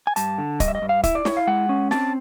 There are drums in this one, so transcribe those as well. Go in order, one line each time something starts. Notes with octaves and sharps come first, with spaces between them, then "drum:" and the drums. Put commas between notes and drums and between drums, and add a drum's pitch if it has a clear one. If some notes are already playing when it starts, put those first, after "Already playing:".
G#5
G2 A5, drum: hi-hat
D3
G2 D#5, drum: kick, hi-hat
E5
D#5
G2
F5
E4 E5, drum: kick, hi-hat
D5
E4 C#5, drum: snare
F5
G#3 F#5
C#4
C4 A5, drum: snare